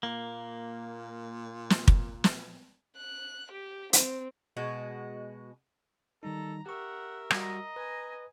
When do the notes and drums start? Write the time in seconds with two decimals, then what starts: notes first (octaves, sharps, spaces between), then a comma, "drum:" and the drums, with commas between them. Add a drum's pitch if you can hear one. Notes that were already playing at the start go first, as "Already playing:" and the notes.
0.03 A#2 A#3
1.70 drum: snare
1.88 drum: kick
2.24 drum: snare
2.97 F#6
3.51 G4
3.93 C4, drum: hi-hat
4.57 B2 G#3 F#4
6.23 D#3 G3 D#4 A4 A#5
6.66 G4 A#4 E5 F#5 C#6
7.31 G3 F#4 D#5 A#5, drum: rim click
7.76 B4 G#5